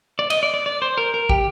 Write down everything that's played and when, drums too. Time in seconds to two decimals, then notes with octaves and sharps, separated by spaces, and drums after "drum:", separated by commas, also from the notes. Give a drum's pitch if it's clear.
0.19 D5
0.30 D#5, drum: cymbal
0.43 D5
0.54 D5
0.66 D5
0.82 C5
0.98 A#4
1.14 A#4
1.29 G4, drum: kick